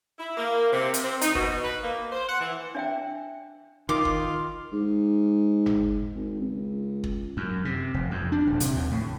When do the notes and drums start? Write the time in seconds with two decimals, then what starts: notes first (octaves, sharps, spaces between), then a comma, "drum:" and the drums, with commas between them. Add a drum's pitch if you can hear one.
0.19 E4
0.37 A#3
0.72 C3
0.94 drum: hi-hat
1.03 C4
1.21 D#4, drum: hi-hat
1.35 B2, drum: kick
1.63 B4
1.83 A#3
2.12 C5
2.29 F#5
2.41 E3
2.75 D4 E5 G5
3.89 D#3 F4 D6
4.05 drum: kick
4.73 G#2
5.66 drum: tom G1
6.15 G#1
6.40 C#2
7.04 drum: kick
7.37 F#2
7.65 C3
7.94 F1
8.11 F2
8.32 D4
8.47 D#1
8.60 C3, drum: hi-hat
8.76 D#2
8.91 A2